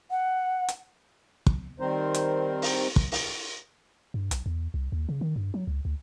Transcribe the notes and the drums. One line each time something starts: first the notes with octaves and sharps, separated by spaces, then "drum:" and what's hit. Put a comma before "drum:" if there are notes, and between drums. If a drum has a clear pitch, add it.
F#5
drum: hi-hat
drum: kick
D#3 G3 C4 A#4 C5
drum: hi-hat
drum: open hi-hat
drum: kick
drum: open hi-hat
G2
B1, drum: hi-hat
E2
C2
D#2
C#3
D#3
G2
F#3
C#2
D2